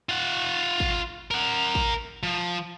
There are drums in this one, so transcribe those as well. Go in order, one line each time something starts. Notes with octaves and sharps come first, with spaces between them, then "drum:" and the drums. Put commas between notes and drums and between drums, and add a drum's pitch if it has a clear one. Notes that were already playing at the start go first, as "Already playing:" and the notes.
F4 F#5
drum: kick A1
A#4 F#5
drum: kick A1
F3